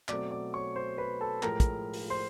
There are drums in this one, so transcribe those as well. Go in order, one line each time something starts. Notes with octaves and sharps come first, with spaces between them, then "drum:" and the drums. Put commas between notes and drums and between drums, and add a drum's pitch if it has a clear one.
B2 F#3 A3 C4 D5 D6, drum: clap
D5 D6
C#5 C#6
C5 C6
B4 B5
A4 A5
A2 F3 G#3 A#4 A#5, drum: clap
drum: kick, hi-hat
drum: open hi-hat
C5 C6